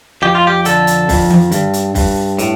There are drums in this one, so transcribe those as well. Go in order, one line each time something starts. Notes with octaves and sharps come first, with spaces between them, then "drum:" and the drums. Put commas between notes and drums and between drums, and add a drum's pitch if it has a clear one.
F2 G4
F4
G4
D3 A4, drum: hi-hat
drum: hi-hat
F2, drum: kick, open hi-hat
drum: tom D#3
G2, drum: hi-hat
drum: hi-hat
G2, drum: kick, open hi-hat
A2, drum: hi-hat